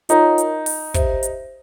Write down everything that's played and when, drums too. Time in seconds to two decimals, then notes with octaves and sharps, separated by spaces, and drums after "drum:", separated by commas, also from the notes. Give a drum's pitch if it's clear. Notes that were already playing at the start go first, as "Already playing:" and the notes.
0.09 D#4 F4 A#4 C#5 F#5 A#5, drum: hi-hat
0.38 drum: hi-hat
0.66 drum: open hi-hat
0.94 G4 C5 E5, drum: kick, hi-hat
1.23 drum: hi-hat